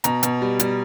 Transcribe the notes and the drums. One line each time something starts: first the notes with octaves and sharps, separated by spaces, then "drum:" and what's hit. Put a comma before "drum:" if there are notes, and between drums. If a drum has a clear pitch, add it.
B2 A#5, drum: hi-hat
B2, drum: hi-hat
G3
G3, drum: hi-hat